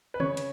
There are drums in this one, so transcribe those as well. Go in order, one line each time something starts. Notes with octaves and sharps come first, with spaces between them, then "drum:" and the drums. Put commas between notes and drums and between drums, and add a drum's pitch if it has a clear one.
B4
C#3 C#5, drum: tom D3
drum: hi-hat